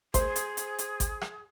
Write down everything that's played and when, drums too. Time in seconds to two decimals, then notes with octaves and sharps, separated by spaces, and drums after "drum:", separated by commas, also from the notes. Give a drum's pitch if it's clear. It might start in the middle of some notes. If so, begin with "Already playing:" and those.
0.14 G#4 C5 C6, drum: kick G#1, hi-hat
0.36 drum: hi-hat
0.57 drum: hi-hat
0.79 drum: hi-hat
1.00 drum: kick G#1, hi-hat
1.21 drum: rim click